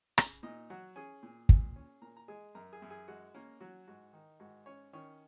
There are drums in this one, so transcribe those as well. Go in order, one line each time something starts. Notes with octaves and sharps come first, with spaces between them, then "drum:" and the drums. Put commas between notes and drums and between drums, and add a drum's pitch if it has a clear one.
C#3, drum: rim click
A#2 D#4 D#5
F#3 F#4 F#5
C#4 G#4 G#5
A#2
A#2, drum: kick
C#4
A#2 A#4 A#5
A#5
G#3 G#4 G#5
F#2 A#4 A#5
G#4 G#5
F#2
G#4 G#5
G#3 F#4 F#5
A#3 C#4 A#4
F#3 F#4
G#2 F#4
D#3 D#4
G#2 F#4
C#4 C#5
D#3 C#4 C#5